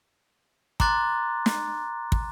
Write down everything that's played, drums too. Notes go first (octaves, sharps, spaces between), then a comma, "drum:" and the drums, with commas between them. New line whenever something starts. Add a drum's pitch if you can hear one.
A#5 C6 D6 F#6 A6, drum: kick
drum: snare
drum: kick